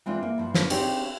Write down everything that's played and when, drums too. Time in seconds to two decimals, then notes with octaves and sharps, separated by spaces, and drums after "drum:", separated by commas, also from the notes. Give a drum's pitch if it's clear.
0.06 E3 G#3 C4 D4 F4
0.23 A#3
0.38 G2 F3
0.54 D4 F4 A#4 B4, drum: snare
0.70 C4 D4 D#4 G4 G#4 C#5, drum: cymbal